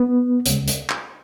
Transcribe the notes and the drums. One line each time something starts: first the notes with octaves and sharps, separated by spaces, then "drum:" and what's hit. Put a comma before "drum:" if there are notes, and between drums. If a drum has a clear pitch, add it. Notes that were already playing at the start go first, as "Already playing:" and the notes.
Already playing: B3
D2 C#3 G#3, drum: hi-hat
drum: hi-hat
drum: clap